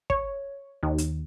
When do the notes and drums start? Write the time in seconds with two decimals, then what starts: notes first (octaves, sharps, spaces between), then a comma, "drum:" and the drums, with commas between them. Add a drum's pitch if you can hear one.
0.10 C#5, drum: kick
0.83 D#2
0.98 drum: hi-hat